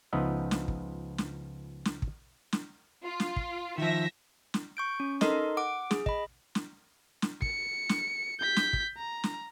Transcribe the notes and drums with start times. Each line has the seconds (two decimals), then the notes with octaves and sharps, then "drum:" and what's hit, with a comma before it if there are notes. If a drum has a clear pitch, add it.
0.13 C#2 F3 B3 D#4 E5
0.51 drum: snare
0.68 drum: kick
1.18 drum: snare
1.85 drum: snare
2.02 drum: kick
2.53 drum: snare
3.04 F4
3.20 drum: snare
3.36 drum: kick
3.78 D#3 F3 E5 A#6
4.54 drum: snare
4.77 C#6 G6 D7
5.00 C#4
5.21 D#4 A4 A#4 D#5 C6, drum: snare
5.57 F#5 D6 D7
5.91 G#4, drum: snare
6.06 D#5 B5, drum: kick
6.55 drum: snare
7.22 drum: snare
7.42 C#7, drum: kick
7.89 drum: snare
8.40 G6 B6
8.56 drum: snare
8.73 drum: kick
8.97 A#5
9.24 drum: snare